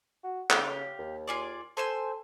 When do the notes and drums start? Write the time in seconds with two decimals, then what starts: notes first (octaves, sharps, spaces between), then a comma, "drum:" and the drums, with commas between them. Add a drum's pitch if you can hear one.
0.24 F#4
0.50 C#3 G4 F5, drum: clap
0.99 D#2
1.28 F4 G#4 D5
1.77 A4 C5 G#5 E6